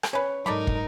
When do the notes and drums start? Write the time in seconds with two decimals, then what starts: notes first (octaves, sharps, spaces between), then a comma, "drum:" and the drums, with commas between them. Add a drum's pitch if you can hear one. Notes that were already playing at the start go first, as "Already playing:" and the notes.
0.03 drum: rim click
0.13 C#4 B4 C#5
0.46 G#2 F#3 D#4 A4 A#4 D5 B5
0.67 drum: kick